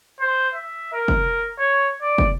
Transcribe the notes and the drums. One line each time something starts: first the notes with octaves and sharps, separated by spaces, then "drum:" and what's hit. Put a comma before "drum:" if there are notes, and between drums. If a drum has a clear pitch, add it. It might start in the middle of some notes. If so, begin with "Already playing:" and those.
C5
E5
A#4
drum: kick
C#5
D5
drum: kick